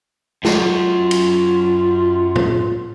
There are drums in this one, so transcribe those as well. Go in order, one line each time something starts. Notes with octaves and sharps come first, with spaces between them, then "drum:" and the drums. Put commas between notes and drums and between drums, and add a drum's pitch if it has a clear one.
F#2 F4, drum: snare
drum: cymbal
drum: tom